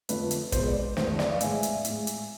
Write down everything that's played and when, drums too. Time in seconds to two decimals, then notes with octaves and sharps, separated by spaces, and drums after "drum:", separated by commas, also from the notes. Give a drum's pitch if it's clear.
0.09 F2 D3 F3 A3 B4, drum: hi-hat
0.31 drum: hi-hat
0.52 B2 G#3 C5, drum: kick, hi-hat
0.67 B4 D5
0.97 E2 D3 A3 C5, drum: snare
1.08 C5
1.19 B4 D5, drum: snare
1.30 D5 F5
1.41 A2 G#3 E5 G#5, drum: hi-hat
1.63 drum: hi-hat
1.85 A2 G#3, drum: hi-hat
2.07 drum: hi-hat